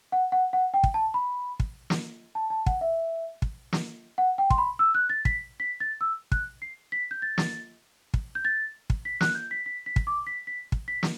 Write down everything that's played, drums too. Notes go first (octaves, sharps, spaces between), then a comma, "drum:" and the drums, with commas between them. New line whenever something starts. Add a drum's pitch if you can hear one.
F#5
F#5
F#5
G5
drum: kick
A5
B5
drum: kick
drum: snare
A5
A5
F#5, drum: kick
E5
drum: kick
drum: snare
F#5
G5
C6, drum: kick
B5
E6
F#6
A6
B6, drum: kick
B6
A6
E6
F#6, drum: kick
C7
B6
G6
A6
drum: snare
drum: kick
G6
A6
drum: kick
B6
F#6, drum: snare
G6
B6
B6
B6
drum: kick
D6
B6
B6
drum: kick
B6
drum: snare